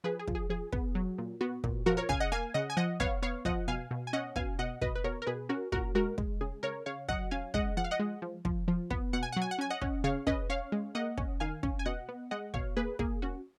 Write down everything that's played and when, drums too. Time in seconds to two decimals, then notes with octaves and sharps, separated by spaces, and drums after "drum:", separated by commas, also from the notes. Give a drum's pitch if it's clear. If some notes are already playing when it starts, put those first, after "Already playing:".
0.04 F3 G#4 B4
0.19 G#4
0.27 F3, drum: kick
0.35 G#4
0.50 F3 G#4
0.72 B3, drum: kick
0.95 F#3
1.18 A#2
1.41 B3 F#4
1.64 A#2, drum: kick
1.86 F3 F#4 A#4
1.97 A#4 C#5
2.09 C#3 F5 G#5, drum: kick
2.20 D#5 F#5
2.32 A#3 F5 G#5
2.54 C#3 D#5 F#5
2.70 G#5
2.77 F3 D#5 F#5
3.00 B3 C#5 F5, drum: kick
3.22 B3 C#5 F5
3.45 F3 D#5 F#5, drum: kick
3.68 B2 F5 G#5
3.91 B2
4.07 G#5
4.13 C#4 D#5 F#5
4.36 B2 F5 G#5, drum: kick
4.59 B2 D#5 F#5
4.81 B2 B4 D#5, drum: kick
4.96 B4
5.04 B2 A#4 C#5
5.22 A#4
5.27 B2 G#4 B4
5.49 C#4 F#4 A#4
5.72 A#2 F#4 A#4, drum: kick
5.95 G#3 F#4 A#4
6.18 G#3, drum: kick
6.41 C#3 G#4
6.63 C#3 A#4 C#5
6.86 C#3 C#5 F5
7.08 F#3 D#5 F#5, drum: kick
7.31 C#4 F5 G#5
7.54 G#3 D#5 F#5, drum: kick
7.77 F3 F#5
7.84 F5
7.91 D#5 F#5
7.99 G#3
8.22 F3
8.45 F3, drum: kick
8.68 F3
8.90 B3, drum: kick
9.13 B2 F#5
9.23 G#5
9.32 F#3 F#5
9.42 G#5
9.51 F#5
9.58 C#4 G#5
9.70 D#5 F#5
9.81 C#4, drum: kick
10.04 C#3 C#5 F5
10.27 C#4 B4 D#5, drum: kick
10.50 C#4 C#5 F5
10.72 G#3
10.95 A#3 D#5 F#5
11.17 C#4, drum: kick
11.40 D#3 F5 G#5
11.63 C#4, drum: kick
11.79 G#5
11.86 B2 D#5 F#5
12.09 B3
12.31 G#3 D#5 F#5
12.54 B2 C#5 F5, drum: kick
12.77 A#3 G#4 B4
12.99 A#3 G#4, drum: kick
13.22 C#4 F#4